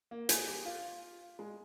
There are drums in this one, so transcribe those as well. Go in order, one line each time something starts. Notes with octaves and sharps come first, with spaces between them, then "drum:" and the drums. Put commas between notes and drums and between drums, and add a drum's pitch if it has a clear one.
A#3
G#4, drum: hi-hat
G4
F4
G#3